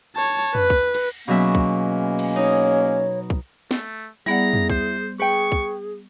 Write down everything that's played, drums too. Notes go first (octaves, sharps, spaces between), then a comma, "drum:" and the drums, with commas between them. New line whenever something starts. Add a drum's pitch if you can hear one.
C#5 A5
B4, drum: tom
drum: kick
drum: cymbal
B2 F#3 G#3 A#3 C#4 E5
drum: kick
drum: cymbal
D#4 C#5
drum: kick
A3, drum: snare
G3 B3 E4 G#4 D5 F#5 A#5
drum: tom
C5, drum: kick
G#4 B4 G5 C#6
drum: kick